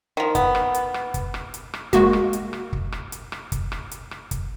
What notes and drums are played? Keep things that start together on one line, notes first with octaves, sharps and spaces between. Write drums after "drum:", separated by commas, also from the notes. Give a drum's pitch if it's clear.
D#3 F3
B3, drum: kick, hi-hat
drum: rim click
drum: hi-hat
drum: rim click
drum: kick, hi-hat
drum: rim click
drum: hi-hat
drum: rim click
G#3 A#3 F#4, drum: kick, hi-hat
drum: rim click
drum: hi-hat
drum: rim click
drum: kick
drum: rim click
drum: hi-hat
drum: rim click
drum: kick, hi-hat
drum: rim click
drum: hi-hat
drum: rim click
drum: kick, hi-hat